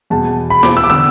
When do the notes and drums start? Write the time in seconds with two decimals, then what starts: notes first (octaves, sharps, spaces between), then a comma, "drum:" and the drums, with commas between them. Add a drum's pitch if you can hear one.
0.10 E2 B2 B3 A5
0.50 B5
0.63 D6, drum: snare
0.77 E6
0.84 D6
0.90 D3 B3 E6